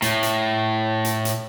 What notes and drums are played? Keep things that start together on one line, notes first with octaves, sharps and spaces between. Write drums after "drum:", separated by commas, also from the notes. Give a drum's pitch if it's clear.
A2, drum: hi-hat
drum: hi-hat
drum: hi-hat
drum: hi-hat